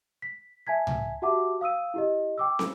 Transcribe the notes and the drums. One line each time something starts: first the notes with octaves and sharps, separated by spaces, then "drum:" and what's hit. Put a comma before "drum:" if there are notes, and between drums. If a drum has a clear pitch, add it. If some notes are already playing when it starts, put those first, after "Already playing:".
B6
E5 G#5 A5 G#6 B6
drum: tom C#2
F#4 G4 E5 F#5 A5 D6
F5 D#6 E6 D#7
E4 G4 D#5
G5 D6 E6
drum: snare